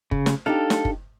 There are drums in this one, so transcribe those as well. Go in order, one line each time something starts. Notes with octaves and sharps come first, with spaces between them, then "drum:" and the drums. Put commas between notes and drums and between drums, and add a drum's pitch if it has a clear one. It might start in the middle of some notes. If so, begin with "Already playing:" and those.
C#3, drum: kick
drum: snare
D4 D#4 G4 A4 F5
drum: snare
drum: kick